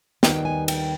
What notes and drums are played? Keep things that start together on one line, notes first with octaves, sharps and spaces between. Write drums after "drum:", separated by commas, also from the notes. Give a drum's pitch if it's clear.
D#2 D#3 G3 B3 D#4 G5, drum: snare
G#5
G5, drum: cymbal